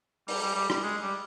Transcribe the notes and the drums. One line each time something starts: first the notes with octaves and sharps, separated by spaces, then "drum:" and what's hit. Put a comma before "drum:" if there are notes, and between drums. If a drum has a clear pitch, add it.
G3, drum: open hi-hat
G3
G3
G3, drum: rim click
G#3
G3